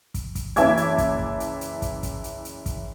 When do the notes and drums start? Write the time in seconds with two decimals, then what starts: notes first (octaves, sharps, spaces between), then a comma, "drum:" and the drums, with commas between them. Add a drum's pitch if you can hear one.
0.14 drum: kick, hi-hat
0.35 drum: kick, hi-hat
0.56 F#1 E3 E5 A5 D6 G#6, drum: hi-hat
0.77 drum: hi-hat
0.98 drum: kick, hi-hat
1.19 drum: kick
1.40 drum: hi-hat
1.61 drum: hi-hat
1.82 drum: kick, hi-hat
2.03 drum: kick, hi-hat
2.24 drum: hi-hat
2.45 drum: hi-hat
2.66 drum: kick, hi-hat